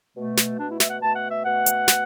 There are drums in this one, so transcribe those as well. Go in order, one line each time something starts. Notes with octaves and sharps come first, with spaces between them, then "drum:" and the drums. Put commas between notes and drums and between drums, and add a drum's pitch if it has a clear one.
B2 A3
drum: snare
B2 A3 D4
E4
E5, drum: snare
F#5
B2 A3 A5
F#5
E5
B2 A3 F#5
drum: hi-hat
B2 A3, drum: snare